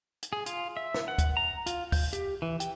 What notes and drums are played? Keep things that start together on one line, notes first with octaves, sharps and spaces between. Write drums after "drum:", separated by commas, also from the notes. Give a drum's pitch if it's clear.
drum: hi-hat
G#4
F4, drum: hi-hat
E5
drum: snare
F#5
drum: kick D2, hi-hat
A#5
F4, drum: hi-hat
G6, drum: kick D2, open hi-hat
G4, drum: hi-hat
E3
G5, drum: hi-hat